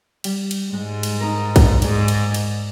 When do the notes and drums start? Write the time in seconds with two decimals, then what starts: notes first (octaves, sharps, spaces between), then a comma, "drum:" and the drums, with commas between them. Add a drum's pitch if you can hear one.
0.24 G3, drum: cymbal
0.51 drum: cymbal
0.73 G#2 G#3
1.03 drum: cymbal
1.21 D#4 A#4
1.56 drum: kick A#1, cymbal
1.82 G#2 G#4 D5, drum: cymbal
2.08 drum: cymbal
2.34 drum: cymbal